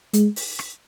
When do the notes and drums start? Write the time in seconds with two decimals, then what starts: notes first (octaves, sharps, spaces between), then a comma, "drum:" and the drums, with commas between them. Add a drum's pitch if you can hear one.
0.13 G#3, drum: hi-hat
0.36 drum: open hi-hat
0.59 drum: rim click